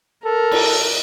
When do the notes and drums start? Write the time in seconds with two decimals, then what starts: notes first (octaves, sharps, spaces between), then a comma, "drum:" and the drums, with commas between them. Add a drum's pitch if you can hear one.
0.25 A4 A#4
0.51 drum: cymbal